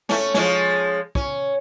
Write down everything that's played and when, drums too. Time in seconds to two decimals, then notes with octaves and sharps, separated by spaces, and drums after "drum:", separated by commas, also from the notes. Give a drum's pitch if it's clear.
0.09 A3 C#4, drum: snare
0.34 F3 G#3 C#4, drum: snare
1.15 C#4, drum: kick